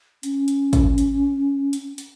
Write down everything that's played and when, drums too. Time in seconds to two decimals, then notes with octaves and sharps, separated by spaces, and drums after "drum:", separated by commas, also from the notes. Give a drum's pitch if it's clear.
0.23 C#4, drum: hi-hat
0.48 drum: hi-hat
0.73 drum: kick, hi-hat
0.98 drum: hi-hat
1.73 drum: hi-hat
1.98 drum: hi-hat